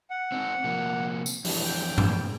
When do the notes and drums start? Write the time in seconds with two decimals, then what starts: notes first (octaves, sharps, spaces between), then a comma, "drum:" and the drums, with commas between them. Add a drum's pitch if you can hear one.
0.10 F#5
0.32 C4 D#4
0.64 C3 F3 A#3
1.26 drum: tambourine
1.45 F2 E3 D4, drum: open hi-hat
1.65 G5
1.98 drum: tom G2